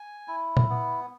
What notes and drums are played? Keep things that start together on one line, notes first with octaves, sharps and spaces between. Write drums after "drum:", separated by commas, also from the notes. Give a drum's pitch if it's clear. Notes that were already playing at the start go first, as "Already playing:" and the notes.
Already playing: G#5
E4
drum: tom
B3